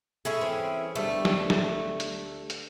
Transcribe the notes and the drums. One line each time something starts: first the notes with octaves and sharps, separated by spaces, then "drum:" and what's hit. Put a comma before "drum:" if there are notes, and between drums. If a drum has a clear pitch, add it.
A3 C#4 E4 G#4
E3 C4
D2 G3 A3 B3
drum: snare
drum: snare
drum: hi-hat
drum: hi-hat